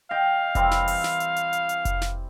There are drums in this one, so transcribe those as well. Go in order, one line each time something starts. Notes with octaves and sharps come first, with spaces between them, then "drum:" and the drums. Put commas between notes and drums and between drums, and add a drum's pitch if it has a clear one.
D#5 F5 G5
E3 G3 C4, drum: kick F1, hi-hat
drum: snare
drum: open hi-hat
drum: snare
drum: hi-hat
drum: hi-hat
drum: hi-hat
drum: hi-hat
drum: kick F1, hi-hat
drum: snare